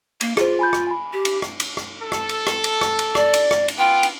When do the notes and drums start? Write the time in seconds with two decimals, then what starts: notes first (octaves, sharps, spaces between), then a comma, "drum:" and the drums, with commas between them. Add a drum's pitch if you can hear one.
0.21 A#3, drum: cymbal
0.37 F4 G#4 C5, drum: rim click
0.59 G#5 B5 G6
0.73 drum: rim click
0.87 G#5 B5
1.13 G4
1.25 drum: cymbal
1.42 drum: rim click
1.60 drum: cymbal
1.77 drum: rim click
2.02 A4
2.12 drum: rim click
2.29 drum: cymbal
2.47 drum: rim click
2.64 drum: cymbal
2.81 drum: rim click
2.99 drum: cymbal
3.15 D5, drum: rim click
3.34 drum: cymbal
3.51 drum: rim click
3.68 drum: cymbal
3.78 B3 F4 G5
4.03 drum: cymbal